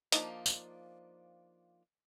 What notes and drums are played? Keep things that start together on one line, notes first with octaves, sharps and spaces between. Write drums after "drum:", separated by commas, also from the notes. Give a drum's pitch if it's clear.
F3 A#3 D4 D#4, drum: hi-hat
drum: tambourine